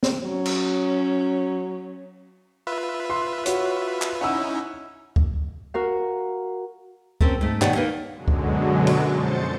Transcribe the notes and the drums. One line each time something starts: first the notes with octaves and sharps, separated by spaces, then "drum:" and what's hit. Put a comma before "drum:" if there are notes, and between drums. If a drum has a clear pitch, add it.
drum: snare
F#3 C#4
drum: cymbal
F4 B4 E5
C6
F#4 C#5, drum: hi-hat
drum: clap
C#4 D#4 E4 F#5 E6
drum: kick C#2
F#4 A#4 F5
C4 C#4 A4 A#4, drum: kick C#2
G#2 A3
B2 D#3 C#5 D5 F#5 G5, drum: clap
A#3 D#4 A#4 B4
F#2 B2 D3 F#3 G#3
drum: kick C#2
drum: cymbal
F2 C5 G6 A6 C#7